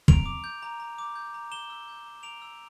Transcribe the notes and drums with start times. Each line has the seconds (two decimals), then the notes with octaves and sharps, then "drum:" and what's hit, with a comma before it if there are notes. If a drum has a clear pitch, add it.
0.08 A#5 D7 F7, drum: kick
0.26 D6
0.44 G6
0.62 A#5
0.80 A#5
0.98 D6
1.16 G6
1.34 A#5
1.51 A#5 E7 G7
1.70 E6
1.88 G6
2.06 A#5
2.23 A#5 D7 F7
2.42 E6